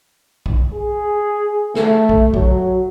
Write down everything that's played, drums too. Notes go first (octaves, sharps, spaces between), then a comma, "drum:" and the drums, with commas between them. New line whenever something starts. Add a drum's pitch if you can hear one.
drum: kick A#1
G#4
A3, drum: snare
drum: kick A#1
F#3, drum: kick A#1